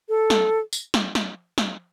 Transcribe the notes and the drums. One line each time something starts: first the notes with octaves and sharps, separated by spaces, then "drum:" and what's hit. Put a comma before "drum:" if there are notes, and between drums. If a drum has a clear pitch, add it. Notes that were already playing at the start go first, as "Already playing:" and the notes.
A4
drum: snare
drum: tambourine
drum: snare
drum: snare
drum: snare